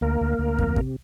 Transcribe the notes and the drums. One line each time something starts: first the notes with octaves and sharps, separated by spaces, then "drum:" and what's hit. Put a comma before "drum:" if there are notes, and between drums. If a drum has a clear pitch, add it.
D2 A#3 A#4
D2
D2
F2, drum: kick
C3, drum: kick